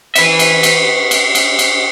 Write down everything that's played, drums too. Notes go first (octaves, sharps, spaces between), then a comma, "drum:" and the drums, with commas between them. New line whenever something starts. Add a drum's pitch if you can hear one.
B4 E5, drum: cymbal
drum: cymbal
drum: cymbal
drum: cymbal
drum: cymbal
drum: cymbal